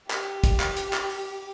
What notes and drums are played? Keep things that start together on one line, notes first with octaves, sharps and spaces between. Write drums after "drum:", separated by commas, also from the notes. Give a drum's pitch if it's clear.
G4, drum: clap
drum: kick, hi-hat
drum: clap
drum: hi-hat
drum: clap
drum: open hi-hat